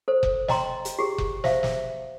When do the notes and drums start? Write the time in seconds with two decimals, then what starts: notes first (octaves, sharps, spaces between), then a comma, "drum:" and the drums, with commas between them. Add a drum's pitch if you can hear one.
0.08 A4 C5
0.23 drum: kick F1
0.48 D#5 G5 A#5 C6, drum: snare
0.85 drum: hi-hat
0.99 G4 G#4
1.18 drum: kick F1
1.44 C5 E5 F5, drum: snare
1.63 drum: snare